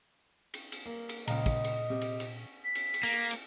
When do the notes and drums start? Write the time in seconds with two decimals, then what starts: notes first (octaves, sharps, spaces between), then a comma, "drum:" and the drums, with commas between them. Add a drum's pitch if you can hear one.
0.54 drum: cymbal
0.72 drum: cymbal
0.86 A#3
1.09 drum: cymbal
1.28 C#2 A#2 D#5 F5 A#5, drum: cymbal
1.46 drum: kick, cymbal
1.65 drum: cymbal
1.90 C3
2.01 drum: cymbal
2.20 drum: cymbal
2.65 B6
2.75 drum: cymbal
2.94 drum: cymbal
3.03 A#3
3.12 drum: cymbal
3.31 drum: cymbal